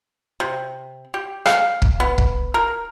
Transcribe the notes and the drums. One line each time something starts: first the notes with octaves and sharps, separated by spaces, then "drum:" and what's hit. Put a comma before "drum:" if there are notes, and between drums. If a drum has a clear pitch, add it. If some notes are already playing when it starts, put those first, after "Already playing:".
C3
G4
F5, drum: rim click
drum: kick
B3
drum: kick
A#4